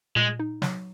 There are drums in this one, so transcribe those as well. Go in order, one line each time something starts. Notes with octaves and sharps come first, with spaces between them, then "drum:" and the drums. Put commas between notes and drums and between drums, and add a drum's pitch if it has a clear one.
A#2 G#3
D#4
F#3, drum: snare